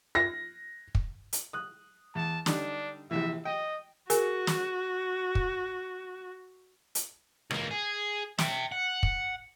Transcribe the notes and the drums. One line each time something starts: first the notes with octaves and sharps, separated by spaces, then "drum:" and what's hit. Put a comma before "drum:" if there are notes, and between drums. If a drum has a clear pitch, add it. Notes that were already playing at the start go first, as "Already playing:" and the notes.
A#6
drum: kick
drum: hi-hat
D#6 F#6
E2 A5
D3 G3 D4 D#4, drum: snare
A#1 C3 E3 E5
D#5 G5
F#4 G#4 A#4 G#5, drum: hi-hat
drum: snare
drum: kick
drum: hi-hat
C#2 A#3, drum: rim click
G#4
E5 G5, drum: snare
F#5
drum: kick